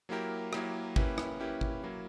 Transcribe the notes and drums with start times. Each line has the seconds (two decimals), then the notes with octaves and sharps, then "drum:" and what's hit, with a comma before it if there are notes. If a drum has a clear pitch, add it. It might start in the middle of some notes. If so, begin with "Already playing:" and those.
0.09 F#3 A#3 E4 G4 A#4
0.53 F#3 A#3 E4 G4 A#4, drum: rim click
0.96 A#3 C#4 E4 G4 B4, drum: kick
1.18 drum: rim click
1.39 A#3 C#4 E4 G4 B4
1.61 drum: kick
1.83 F#3 A#3 E4